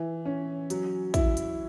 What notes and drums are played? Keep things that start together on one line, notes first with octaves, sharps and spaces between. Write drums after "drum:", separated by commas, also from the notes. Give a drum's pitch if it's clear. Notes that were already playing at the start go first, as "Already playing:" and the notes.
Already playing: E3
C#4
F#3, drum: hi-hat
E4, drum: kick, hi-hat
drum: hi-hat